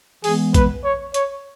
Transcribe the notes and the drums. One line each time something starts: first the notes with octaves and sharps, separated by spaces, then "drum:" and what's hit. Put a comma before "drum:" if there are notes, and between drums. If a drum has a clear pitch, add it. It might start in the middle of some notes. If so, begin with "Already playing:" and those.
E3 G#3 B3 G#4, drum: open hi-hat
B4, drum: kick A#1, hi-hat
C#5
C#5, drum: hi-hat